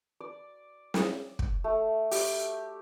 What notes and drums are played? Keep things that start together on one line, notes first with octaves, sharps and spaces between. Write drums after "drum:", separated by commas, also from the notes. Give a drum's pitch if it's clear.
D5
drum: snare
drum: kick
A3
G4, drum: open hi-hat